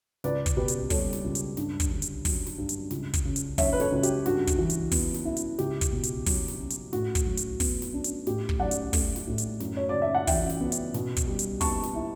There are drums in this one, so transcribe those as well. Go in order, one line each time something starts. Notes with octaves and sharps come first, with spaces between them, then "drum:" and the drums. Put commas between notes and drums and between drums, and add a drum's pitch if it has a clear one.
C#2 B4 D5, drum: snare
drum: kick, hi-hat
B2 G4 B4
drum: hi-hat
G3 A4 C#5, drum: kick, open hi-hat
drum: snare
C#2
drum: hi-hat
G2, drum: snare
drum: kick, hi-hat
D3
drum: hi-hat
F#3, drum: kick, open hi-hat
drum: snare
G2
drum: hi-hat
C#2, drum: snare
drum: kick, hi-hat
C#3
drum: hi-hat
F#3 C#5 E5, drum: kick, open hi-hat
B4
A4 C#5, drum: snare
C#2
G4, drum: hi-hat
G2 F#4, drum: snare
drum: kick, hi-hat
E3
drum: hi-hat
B3, drum: kick, open hi-hat
drum: snare
E4
drum: hi-hat
C#2 G4, drum: snare
drum: kick, hi-hat
B2
drum: hi-hat
F#3, drum: kick, open hi-hat
drum: snare
C#4
drum: hi-hat
A2 F#4, drum: snare
drum: kick, hi-hat
F#3
drum: hi-hat
B3, drum: kick, open hi-hat
drum: snare
D4
drum: hi-hat
A2 G4, drum: snare
drum: kick
F#3 D5 F#5
drum: hi-hat
A3, drum: kick, open hi-hat
drum: snare
A2
drum: hi-hat
F#2, drum: snare
C#5
C#3 D5
E5
F#5
E3 E5 G5, drum: kick, open hi-hat
drum: snare
B3
drum: hi-hat
B2, drum: snare
drum: kick, hi-hat
G3
drum: hi-hat
B3 A5 C#6, drum: kick, open hi-hat
drum: snare
E4